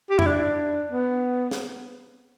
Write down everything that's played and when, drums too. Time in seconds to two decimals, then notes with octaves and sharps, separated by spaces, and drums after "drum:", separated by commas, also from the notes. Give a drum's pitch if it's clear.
0.10 G4
0.19 E4, drum: tom F2
0.26 D4
0.92 B3
1.51 drum: snare